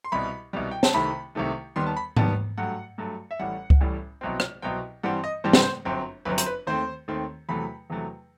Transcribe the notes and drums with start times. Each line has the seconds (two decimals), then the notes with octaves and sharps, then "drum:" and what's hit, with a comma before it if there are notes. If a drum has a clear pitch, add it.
0.04 C6
0.12 C2 B2 G3 B5
0.53 C2 B2 G3
0.71 G5
0.83 A5, drum: snare
0.94 C2 C3 D#3 A3 B5
1.35 C2 C3 D#3 A3
1.76 D#2 D#3 G3 B3 C6
1.86 A5
1.97 B5
2.16 D#2 D#3 G3 B3 A5, drum: tom G#2
2.58 G2 F#3 A3 F#5
2.98 G2 F#3 A3
3.31 E5
3.39 A1 A2 G3 F#5
3.70 drum: kick C#2
3.81 A1 A2 G3
4.21 C2 B2 F#3 C4
4.40 drum: rim click
4.62 C2 B2 F#3 C4 G5
5.03 G2 E3 G3 C4 F#5
5.24 D#5
5.44 G2 E3 G3 C4 C5
5.53 B4, drum: snare
5.63 C5
5.85 G1 F#2 F#3 C4
6.25 G1 F#2 F#3 C4 B4
6.38 C5, drum: hi-hat
6.46 B4
6.67 D#2 D#3 A3 C4 C5
7.08 D#2 D#3 A3 C4
7.49 E2 C3 F#3 A3 B5
7.90 E2 C3 F#3 A3